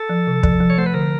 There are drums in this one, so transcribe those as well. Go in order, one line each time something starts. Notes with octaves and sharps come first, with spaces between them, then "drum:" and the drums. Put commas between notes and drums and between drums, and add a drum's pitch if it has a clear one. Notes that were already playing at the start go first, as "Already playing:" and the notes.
Already playing: A4
F3
C3
F3, drum: kick
F3
C#5
A3 C5
B4
D3 A#4